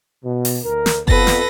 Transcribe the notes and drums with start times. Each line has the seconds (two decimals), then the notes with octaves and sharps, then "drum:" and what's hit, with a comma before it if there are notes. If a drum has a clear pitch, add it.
0.24 B2
0.45 drum: open hi-hat
0.64 D2 A#4
0.86 drum: snare
1.08 F2 B3 A4 B4 A#6, drum: kick F#1
1.27 drum: snare